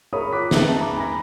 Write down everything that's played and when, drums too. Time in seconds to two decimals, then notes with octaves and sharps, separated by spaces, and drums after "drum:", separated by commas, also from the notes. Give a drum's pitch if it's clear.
0.13 G#4 A#4 C#5 A#5 B5 D#6
0.33 F4 D6 F#6 B6
0.51 C4 D#4 G#4 B4 E5 A5, drum: snare
0.78 A#5 B5 D6
0.97 G#5 B5 A#6